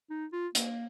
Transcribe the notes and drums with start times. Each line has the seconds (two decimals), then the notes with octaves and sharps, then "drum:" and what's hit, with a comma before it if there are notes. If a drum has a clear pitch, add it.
0.10 D#4
0.32 F4
0.55 A#3, drum: hi-hat